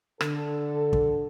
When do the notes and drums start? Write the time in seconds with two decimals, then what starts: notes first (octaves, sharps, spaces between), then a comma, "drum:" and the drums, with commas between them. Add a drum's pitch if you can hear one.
0.21 D3 A4, drum: rim click
0.93 drum: kick